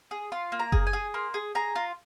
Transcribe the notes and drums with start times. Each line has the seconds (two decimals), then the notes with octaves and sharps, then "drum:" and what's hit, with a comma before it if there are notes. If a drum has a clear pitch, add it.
0.11 G#4
0.32 F4 C6
0.52 A#3
0.59 A#5
0.72 G#4, drum: kick F#1
0.87 G#5
0.93 G#4
1.14 A#3 C6
1.34 G#4
1.55 G#4 A#5
1.76 F4